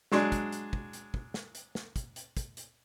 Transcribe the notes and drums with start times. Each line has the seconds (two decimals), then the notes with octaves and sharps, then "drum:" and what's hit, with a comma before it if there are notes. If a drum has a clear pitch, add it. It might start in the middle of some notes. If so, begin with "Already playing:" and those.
0.12 F#3 G#3 D4, drum: snare
0.32 drum: kick, hi-hat
0.52 drum: hi-hat
0.73 drum: kick
0.93 drum: hi-hat
1.14 drum: kick
1.34 drum: snare
1.55 drum: hi-hat
1.75 drum: snare
1.96 drum: kick, hi-hat
2.16 drum: hi-hat
2.37 drum: kick, hi-hat
2.57 drum: hi-hat